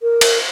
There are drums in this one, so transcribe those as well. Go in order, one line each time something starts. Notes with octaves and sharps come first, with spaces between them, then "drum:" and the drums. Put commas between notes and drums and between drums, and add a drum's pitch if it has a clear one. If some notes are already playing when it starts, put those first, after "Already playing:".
A#4
drum: cymbal